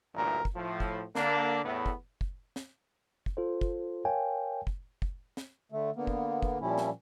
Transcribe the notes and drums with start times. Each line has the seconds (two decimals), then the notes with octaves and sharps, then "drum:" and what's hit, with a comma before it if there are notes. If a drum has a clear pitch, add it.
0.14 A1 D2 G2 A#2 E3 A#4
0.45 drum: kick
0.56 A2 F3
0.80 drum: kick
1.15 D3 A#3 D4, drum: snare
1.65 E2 A2 B3
1.86 drum: kick
2.21 drum: kick
2.56 drum: snare
3.26 drum: kick
3.37 F4 A4 C5
3.61 drum: kick
4.05 A#4 C#5 F5 G5 G#5
4.67 drum: kick
5.02 drum: kick
5.37 drum: snare
5.72 D3 A3
5.96 D3 A#3 B3
6.07 drum: kick
6.42 drum: kick
6.61 A#2 F3 G3 C#4 E4
6.78 drum: snare